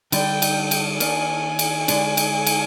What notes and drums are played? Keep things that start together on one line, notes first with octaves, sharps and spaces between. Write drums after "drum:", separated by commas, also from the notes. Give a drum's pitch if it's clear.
D3 G3 D4 G5, drum: cymbal
drum: cymbal
drum: cymbal
D#3 A#3 D4 G#5, drum: cymbal
drum: cymbal
D3 G#3 D4, drum: cymbal
drum: cymbal
drum: cymbal